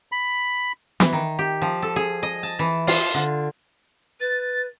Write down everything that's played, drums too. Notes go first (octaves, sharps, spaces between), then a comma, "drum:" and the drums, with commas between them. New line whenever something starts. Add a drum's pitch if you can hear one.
B5
E3, drum: snare
D#3
G4
F3
A4
G#4
D#5
A5
E3
F4, drum: open hi-hat
D3
B4 A6